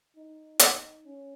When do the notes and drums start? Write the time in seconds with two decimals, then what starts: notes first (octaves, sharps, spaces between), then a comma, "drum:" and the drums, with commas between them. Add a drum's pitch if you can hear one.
0.16 D#4
0.59 D#4, drum: hi-hat
1.05 C#4